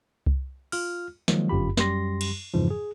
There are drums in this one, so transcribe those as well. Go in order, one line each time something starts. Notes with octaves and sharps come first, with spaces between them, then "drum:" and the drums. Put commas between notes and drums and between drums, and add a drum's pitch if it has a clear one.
drum: kick C2
F4 F6, drum: open hi-hat
D#3 F3 F#3 G#3 A#3, drum: snare
G1 F#2 F4 G4 B5
F#2 G3 G4 C6 A#6, drum: snare
drum: cymbal
F2 G#2 C#3 E3 F3
G#4